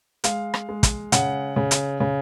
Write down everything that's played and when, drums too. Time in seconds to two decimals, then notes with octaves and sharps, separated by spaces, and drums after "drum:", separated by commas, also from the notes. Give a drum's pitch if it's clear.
0.24 G#3 F5, drum: hi-hat
0.54 drum: rim click
0.69 G#3
0.83 drum: kick, hi-hat
1.12 C#3 F#5, drum: hi-hat
1.56 C#3
1.71 drum: hi-hat
2.00 C#3